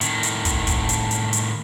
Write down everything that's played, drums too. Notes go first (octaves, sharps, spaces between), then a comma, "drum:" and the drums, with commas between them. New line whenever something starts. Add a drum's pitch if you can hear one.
A2 D#3, drum: hi-hat
drum: hi-hat
drum: kick, hi-hat
drum: kick, hi-hat
drum: hi-hat
drum: hi-hat
drum: hi-hat